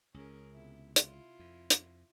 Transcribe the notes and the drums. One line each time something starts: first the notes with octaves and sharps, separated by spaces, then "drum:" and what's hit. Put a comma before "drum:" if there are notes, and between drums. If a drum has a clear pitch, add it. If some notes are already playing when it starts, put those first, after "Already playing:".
C#2 C#4 G#4 A#4
C3 B3 E4
E4 F4, drum: hi-hat
F2
drum: hi-hat